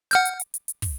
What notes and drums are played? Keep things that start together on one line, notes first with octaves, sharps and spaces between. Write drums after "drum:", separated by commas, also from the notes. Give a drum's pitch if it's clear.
F#5 F6 G6, drum: hi-hat
drum: hi-hat
drum: hi-hat
drum: hi-hat
drum: hi-hat
drum: kick, open hi-hat